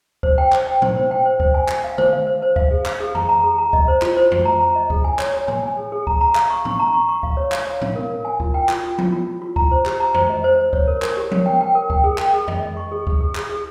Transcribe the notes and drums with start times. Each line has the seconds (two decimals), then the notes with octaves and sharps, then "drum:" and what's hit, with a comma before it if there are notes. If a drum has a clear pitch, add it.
0.23 C5, drum: kick C#2
0.38 G5
0.52 C5, drum: clap
0.67 G5
0.82 C5, drum: tom A2
0.96 C5
1.11 G5
1.26 C5
1.40 C5, drum: kick C#2
1.54 G#5
1.68 G#5, drum: clap
1.84 F5
1.98 C5, drum: tom D3
2.13 F5
2.27 C5
2.42 C5
2.56 F5, drum: kick C#2
2.71 G#4
2.86 F5, drum: clap
3.00 G#4
3.15 A#5, drum: tom F2
3.29 A#5
3.44 G#4
3.58 A#5
3.73 D#5, drum: kick C#2
3.88 C5
4.02 F4, drum: clap
4.17 C5
4.32 C5, drum: tom F2
4.45 A#5
4.60 A#5
4.76 D#5
4.90 G#4, drum: kick C#2
5.04 G#5
5.19 C#5, drum: clap
5.34 C#5
5.48 G#5, drum: tom A2
5.63 G#5
5.77 G#4
5.92 G#4
6.07 A#5, drum: kick C#2
6.21 A#5
6.35 F5, drum: clap
6.50 C#6
6.65 C#6, drum: tom A2
6.79 A#5
6.94 C#6
7.09 C#6
7.23 F5, drum: kick C#2
7.37 C#5
7.52 F5, drum: clap
7.67 C#5
7.81 F5, drum: tom A2
7.95 A#4
8.11 A#4
8.25 G#5
8.40 F4, drum: kick C#2
8.54 G5
8.69 F4, drum: clap
8.83 F4
8.98 F4, drum: tom F3
9.12 F4
9.28 F4
9.42 F4
9.56 A#5, drum: kick C#2
9.71 C5
9.86 G4, drum: clap
10.00 A#5
10.14 C5, drum: tom F2
10.30 D#5
10.44 C5
10.58 C5
10.73 C#5, drum: kick C#2
10.87 A#4
11.02 A#4, drum: clap
11.17 G4
11.31 C#5, drum: tom F3
11.46 G5
11.61 G5
11.75 A#4
11.90 G5, drum: kick C#2
12.04 G#4
12.18 G5, drum: clap
12.33 G#4
12.48 D#5, drum: tom F2
12.62 D#5
12.77 C#6
12.92 G#4
13.07 G#4, drum: kick C#2
13.21 G#4
13.35 G#4, drum: clap
13.50 G#4